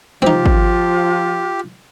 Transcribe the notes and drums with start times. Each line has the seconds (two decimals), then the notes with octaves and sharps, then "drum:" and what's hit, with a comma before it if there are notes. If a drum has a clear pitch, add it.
0.22 F3 C4 D#4 F4 G4, drum: tom
0.46 drum: kick